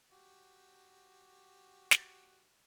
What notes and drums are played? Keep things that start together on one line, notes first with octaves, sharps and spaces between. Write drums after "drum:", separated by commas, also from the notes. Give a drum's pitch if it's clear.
F#4 G4
drum: snare